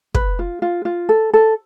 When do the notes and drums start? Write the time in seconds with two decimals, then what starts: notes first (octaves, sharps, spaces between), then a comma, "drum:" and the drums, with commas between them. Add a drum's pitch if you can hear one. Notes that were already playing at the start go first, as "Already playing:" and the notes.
0.14 B4, drum: kick
0.39 F4
0.62 F4
0.85 F4
1.09 A4
1.34 A4